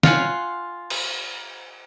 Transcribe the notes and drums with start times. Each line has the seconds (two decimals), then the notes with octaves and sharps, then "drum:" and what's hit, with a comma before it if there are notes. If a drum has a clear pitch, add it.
0.03 F4 F5 F#5 G#5, drum: snare
0.90 drum: cymbal